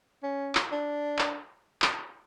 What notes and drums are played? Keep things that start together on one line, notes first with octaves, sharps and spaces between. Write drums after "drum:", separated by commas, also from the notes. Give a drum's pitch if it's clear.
C#4
drum: clap
D4
drum: clap
drum: clap